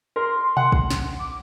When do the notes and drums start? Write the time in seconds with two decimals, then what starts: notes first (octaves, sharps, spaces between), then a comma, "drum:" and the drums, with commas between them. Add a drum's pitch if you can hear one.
0.16 A#4 C6
0.57 F#5, drum: tom B2
0.72 drum: kick
0.91 drum: snare
1.19 D6